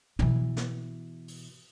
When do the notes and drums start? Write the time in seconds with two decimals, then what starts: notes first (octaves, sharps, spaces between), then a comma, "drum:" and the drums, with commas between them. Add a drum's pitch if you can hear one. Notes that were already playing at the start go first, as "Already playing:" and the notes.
0.19 B2 E3, drum: tom
0.57 drum: snare
1.28 drum: open hi-hat